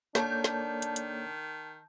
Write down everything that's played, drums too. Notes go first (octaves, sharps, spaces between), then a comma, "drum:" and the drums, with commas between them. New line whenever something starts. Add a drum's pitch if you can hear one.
D#3 A#3 D4 A4 C#5 A5 G6, drum: snare
drum: snare
drum: hi-hat
drum: hi-hat